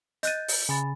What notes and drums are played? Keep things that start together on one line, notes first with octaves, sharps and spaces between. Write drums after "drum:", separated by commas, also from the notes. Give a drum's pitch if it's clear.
D#5 F#6 G6 A6 D#7, drum: hi-hat
drum: open hi-hat
C#3 G#5 B5 A6